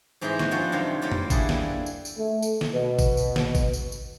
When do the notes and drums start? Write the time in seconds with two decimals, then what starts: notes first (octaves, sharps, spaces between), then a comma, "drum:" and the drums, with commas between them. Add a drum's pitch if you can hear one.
0.21 G#2 E3 C4 G4 G#4 A#5
0.39 E3 G#3 F#4, drum: snare
0.51 F3 G3 D4 F4 F#4 C#5
0.72 F#2 C3 D#3 F4
1.02 F#3 G3 A#3 F4
1.12 drum: tom F2
1.30 G3 D4 E4 G#4 F#5, drum: kick, tambourine
1.49 drum: snare
1.86 drum: tambourine
2.05 drum: tambourine
2.18 A3
2.42 drum: tambourine
2.61 drum: snare
2.73 B2
2.99 drum: kick, tambourine
3.17 drum: tambourine
3.36 drum: snare
3.55 drum: kick, tambourine
3.73 drum: tambourine
3.92 drum: tambourine